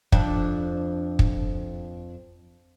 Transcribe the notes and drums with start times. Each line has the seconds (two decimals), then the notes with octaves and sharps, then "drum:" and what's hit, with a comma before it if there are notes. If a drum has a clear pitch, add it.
0.12 F2 D4, drum: kick
1.19 drum: kick